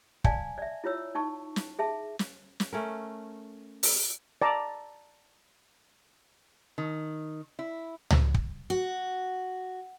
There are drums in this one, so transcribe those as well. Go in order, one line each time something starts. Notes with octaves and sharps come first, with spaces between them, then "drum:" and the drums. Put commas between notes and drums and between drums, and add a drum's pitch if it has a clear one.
D5 F5 G#5 A5, drum: kick
D5 E5
E4 F4 C#5 E6
D#4 A5 C#6
drum: snare
G#4 E5 A5
drum: snare
drum: snare
A3 C#4 A#4
drum: open hi-hat
D5 A5 A#5
D#3
E4
drum: tom C#2
drum: kick
F#4